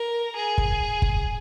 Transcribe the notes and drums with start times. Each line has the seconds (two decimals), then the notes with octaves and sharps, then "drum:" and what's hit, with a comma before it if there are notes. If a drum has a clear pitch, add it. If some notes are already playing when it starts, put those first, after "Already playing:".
Already playing: A#4
0.36 G#4
0.58 drum: kick
1.02 drum: kick